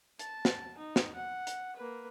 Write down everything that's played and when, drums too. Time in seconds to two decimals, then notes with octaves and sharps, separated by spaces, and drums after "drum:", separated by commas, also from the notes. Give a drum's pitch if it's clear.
0.19 A5, drum: hi-hat
0.45 drum: snare
0.78 D#4
0.96 drum: snare
1.15 F#5
1.47 drum: hi-hat
1.76 A#3 B4